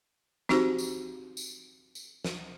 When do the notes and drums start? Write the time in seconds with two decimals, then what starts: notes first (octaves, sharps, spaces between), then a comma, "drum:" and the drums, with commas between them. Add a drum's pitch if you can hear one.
0.49 C4 D#4 F#4 G4 C5, drum: snare
0.79 drum: tambourine
1.37 drum: tambourine
1.95 drum: tambourine
2.24 drum: snare